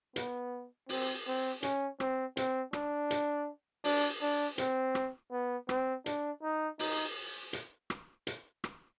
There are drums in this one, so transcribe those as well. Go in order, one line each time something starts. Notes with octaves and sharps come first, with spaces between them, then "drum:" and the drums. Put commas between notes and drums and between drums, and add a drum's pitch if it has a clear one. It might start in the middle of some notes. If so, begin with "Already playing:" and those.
B3, drum: hi-hat
C4, drum: open hi-hat
C4
C#4, drum: hi-hat
C4, drum: rim click
C4, drum: hi-hat
D4, drum: rim click
drum: hi-hat
D4, drum: open hi-hat
D4
C4, drum: hi-hat
drum: rim click
B3
C4, drum: rim click
D4, drum: hi-hat
D#4
D#4, drum: open hi-hat
drum: hi-hat
drum: rim click
drum: hi-hat
drum: rim click